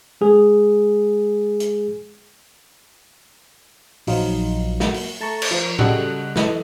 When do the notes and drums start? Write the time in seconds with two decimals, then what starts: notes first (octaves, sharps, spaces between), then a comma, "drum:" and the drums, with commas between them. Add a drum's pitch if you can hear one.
0.21 G#3 G#4
1.60 drum: hi-hat
4.07 A#1 F3 F#3 D#4 F4, drum: open hi-hat
4.80 A#3 F#4, drum: snare
4.94 drum: open hi-hat
5.20 A3 A5 A#5 C#6
5.42 drum: cymbal
5.51 F3 A#4
5.79 C#3 G3 F#4 A4 D#5 F#6, drum: tom
6.36 E3 A4 D#5, drum: snare